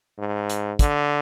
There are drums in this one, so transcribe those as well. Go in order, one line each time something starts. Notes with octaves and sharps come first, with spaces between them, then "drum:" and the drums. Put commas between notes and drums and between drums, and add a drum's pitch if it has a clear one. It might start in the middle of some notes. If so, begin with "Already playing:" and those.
G#2
drum: hi-hat
D3, drum: kick, hi-hat